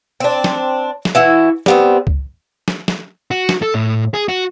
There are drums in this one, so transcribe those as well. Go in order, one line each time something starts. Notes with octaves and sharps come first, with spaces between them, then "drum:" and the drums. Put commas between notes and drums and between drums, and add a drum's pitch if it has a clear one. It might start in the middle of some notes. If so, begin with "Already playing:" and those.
C4 D4
drum: snare
drum: snare
E3 E4 F#4
G3 B3 C4, drum: snare
drum: kick C#2
drum: snare
drum: snare
F#4
drum: snare
A4
A2
G#4
F#4